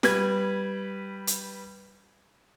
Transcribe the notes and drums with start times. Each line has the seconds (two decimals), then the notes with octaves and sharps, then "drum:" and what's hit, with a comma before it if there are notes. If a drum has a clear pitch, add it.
0.03 G3 B4 G#6, drum: snare
1.27 drum: hi-hat